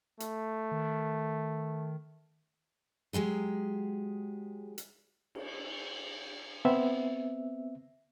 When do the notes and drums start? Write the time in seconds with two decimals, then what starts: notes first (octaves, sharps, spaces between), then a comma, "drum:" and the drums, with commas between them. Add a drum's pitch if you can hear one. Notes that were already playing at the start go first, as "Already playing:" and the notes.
0.20 A3, drum: hi-hat
0.72 D#3
3.13 F#3 G#3 G4 G#4
4.78 drum: hi-hat
5.35 drum: cymbal
6.65 B3 C4 E5